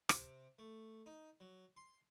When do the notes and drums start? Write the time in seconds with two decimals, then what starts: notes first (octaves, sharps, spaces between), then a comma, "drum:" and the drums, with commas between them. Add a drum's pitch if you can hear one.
0.09 C3, drum: rim click
0.59 A3
1.06 D#4
1.40 F#3
1.77 C6